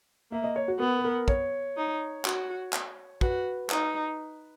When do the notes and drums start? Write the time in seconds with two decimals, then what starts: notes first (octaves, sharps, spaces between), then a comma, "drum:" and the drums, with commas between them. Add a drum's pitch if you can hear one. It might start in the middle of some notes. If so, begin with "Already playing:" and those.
0.32 A#3 E5
0.44 D#5
0.56 C#5
0.68 F#4
0.79 B3 A#4
0.99 B4
1.04 A#4
1.28 C#5, drum: kick
1.77 D#4
2.25 F#4, drum: clap
2.73 drum: clap
3.21 F#4 B4, drum: kick
3.70 D#4, drum: clap